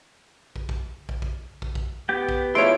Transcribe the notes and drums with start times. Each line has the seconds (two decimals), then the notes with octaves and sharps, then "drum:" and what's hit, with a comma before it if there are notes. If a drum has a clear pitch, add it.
0.56 drum: kick
0.69 drum: kick
1.09 drum: kick
1.22 drum: kick
1.62 drum: kick
1.75 drum: kick
2.09 B3 G4 G5
2.29 drum: kick
2.55 F3 G#3 E4 C#5 C6 D7